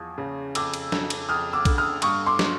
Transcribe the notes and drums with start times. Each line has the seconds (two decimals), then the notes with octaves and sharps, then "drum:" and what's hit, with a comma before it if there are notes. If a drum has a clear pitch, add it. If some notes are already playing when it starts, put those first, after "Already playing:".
Already playing: E2 F3 D#6
0.18 C#3
0.55 F2 D6 E6, drum: cymbal
0.74 drum: cymbal
0.92 F2, drum: snare
1.10 drum: cymbal
1.29 F2 D#6 F6
1.53 D6 E6
1.65 D3, drum: kick B1, cymbal
1.78 D#6 F6
2.02 G2 C#6 D#6, drum: cymbal
2.27 C6 D6
2.39 drum: snare